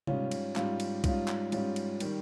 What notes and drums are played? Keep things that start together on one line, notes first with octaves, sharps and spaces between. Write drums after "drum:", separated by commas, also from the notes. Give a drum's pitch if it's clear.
G#2 G3 C#4 F4, drum: tom C3
drum: cymbal
G#2 G3 C#4 F4, drum: clap
drum: cymbal
G#2 G3 C#4 F4, drum: kick B1, cymbal
drum: clap
G#2 G3 C#4 F4, drum: cymbal
drum: cymbal
D#3 G3, drum: cymbal